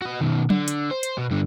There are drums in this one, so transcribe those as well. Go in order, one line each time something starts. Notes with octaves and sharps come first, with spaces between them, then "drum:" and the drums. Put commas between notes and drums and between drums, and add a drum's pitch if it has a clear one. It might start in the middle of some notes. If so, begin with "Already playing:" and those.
F#4 D#5
B2 D#3
D3, drum: tom F#3
drum: hi-hat
C5
drum: hi-hat
B2
G2 D3